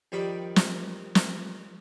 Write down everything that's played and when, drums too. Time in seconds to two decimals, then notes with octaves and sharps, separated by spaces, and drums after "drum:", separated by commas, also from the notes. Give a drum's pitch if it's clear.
0.12 F2 D#3 G3 D4 B5
0.56 drum: snare
1.15 drum: snare